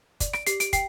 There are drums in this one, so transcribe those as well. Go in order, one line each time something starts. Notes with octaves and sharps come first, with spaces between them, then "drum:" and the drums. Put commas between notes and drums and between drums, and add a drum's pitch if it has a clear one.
D5, drum: kick, hi-hat
D7, drum: rim click
G4 C7, drum: hi-hat
D7, drum: hi-hat
G5 C7, drum: kick, hi-hat